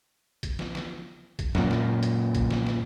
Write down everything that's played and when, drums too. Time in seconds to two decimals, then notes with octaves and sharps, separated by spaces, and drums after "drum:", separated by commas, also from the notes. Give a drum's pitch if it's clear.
0.43 drum: kick, hi-hat
0.59 drum: snare
0.75 drum: snare
1.39 drum: kick, hi-hat
1.55 F#2 A#2, drum: snare
1.71 drum: snare
2.03 drum: hi-hat
2.35 drum: kick, hi-hat
2.51 drum: snare
2.66 drum: snare